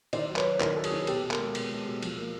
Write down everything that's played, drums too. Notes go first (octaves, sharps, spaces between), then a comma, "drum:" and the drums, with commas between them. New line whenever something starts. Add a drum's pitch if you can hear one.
D#3 C5 D5, drum: cymbal
F#3
B4 C#5, drum: clap
F#3
D#3 A#4 C5, drum: clap
F#3 A4
F#4 G#4, drum: cymbal
D#3
B2 G4 A4, drum: cymbal
B2
G#4 A#4, drum: clap
G#3
B2, drum: cymbal
G#3
B2
F3, drum: cymbal
A#3